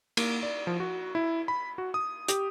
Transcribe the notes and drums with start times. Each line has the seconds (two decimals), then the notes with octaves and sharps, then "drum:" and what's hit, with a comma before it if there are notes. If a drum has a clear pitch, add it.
0.17 A#3, drum: cymbal
0.43 D5
0.67 F3
0.80 F#4
1.15 E4
1.48 B5
1.78 F#4
1.94 D#6
2.28 G4, drum: hi-hat